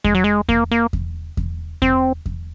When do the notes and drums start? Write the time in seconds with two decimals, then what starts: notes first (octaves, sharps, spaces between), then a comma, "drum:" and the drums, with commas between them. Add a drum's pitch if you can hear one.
0.04 G#3, drum: kick E2
0.15 F#3
0.24 G#3
0.49 A#3, drum: kick E2
0.71 A#3
0.93 drum: kick E2
1.37 drum: kick E2
1.82 C4, drum: kick E2
2.26 drum: kick E2